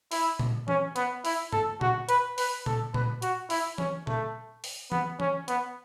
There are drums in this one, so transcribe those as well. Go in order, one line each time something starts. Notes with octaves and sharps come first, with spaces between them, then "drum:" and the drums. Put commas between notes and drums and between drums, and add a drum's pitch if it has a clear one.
E4, drum: open hi-hat
drum: tom A#2
C#4, drum: tom E3
B3, drum: hi-hat
E4, drum: open hi-hat
A4, drum: tom G2
F#4, drum: tom A#2
B4, drum: hi-hat
B4, drum: open hi-hat
A4, drum: tom A#2
B4, drum: tom A#2
F#4, drum: hi-hat
E4, drum: open hi-hat
C#4, drum: tom E3
A3, drum: tom A#2
drum: open hi-hat
B3, drum: tom E3
C#4, drum: tom E3
B3, drum: hi-hat